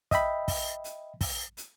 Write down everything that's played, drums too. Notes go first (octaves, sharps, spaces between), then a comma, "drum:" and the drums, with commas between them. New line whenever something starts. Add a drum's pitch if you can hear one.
D#5 E5 G5 B5, drum: kick, hi-hat
drum: kick, open hi-hat
drum: hi-hat
drum: kick, open hi-hat
drum: hi-hat